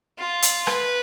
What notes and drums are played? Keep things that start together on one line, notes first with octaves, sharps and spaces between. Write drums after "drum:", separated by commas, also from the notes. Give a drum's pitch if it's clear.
F4
drum: hi-hat
B4, drum: rim click